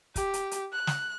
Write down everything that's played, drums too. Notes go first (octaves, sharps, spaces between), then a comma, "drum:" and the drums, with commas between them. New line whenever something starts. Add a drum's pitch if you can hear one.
G4, drum: kick, hi-hat
drum: hi-hat
drum: hi-hat
F#6
drum: snare